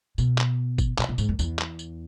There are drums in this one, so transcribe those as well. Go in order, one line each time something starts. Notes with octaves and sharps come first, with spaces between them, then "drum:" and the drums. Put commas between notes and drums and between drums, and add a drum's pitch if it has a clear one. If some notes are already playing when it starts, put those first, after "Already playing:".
B2, drum: tambourine
drum: clap
drum: kick G1, tambourine
A#2, drum: clap
A#2
G#2, drum: tambourine
F#2
E2, drum: tambourine
drum: clap
drum: tambourine